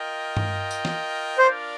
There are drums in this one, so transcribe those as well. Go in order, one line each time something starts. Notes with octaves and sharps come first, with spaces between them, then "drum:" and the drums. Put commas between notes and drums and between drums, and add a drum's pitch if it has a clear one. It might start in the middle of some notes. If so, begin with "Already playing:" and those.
Already playing: F4 A#4 D#5 G5
drum: tom G2
drum: tambourine
drum: snare E3
D4 F4 A#4 C5 D5